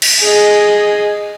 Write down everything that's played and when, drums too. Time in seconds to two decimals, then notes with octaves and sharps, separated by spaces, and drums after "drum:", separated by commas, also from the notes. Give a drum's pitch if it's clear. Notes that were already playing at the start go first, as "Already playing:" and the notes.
0.02 drum: cymbal
0.20 G#4 D#5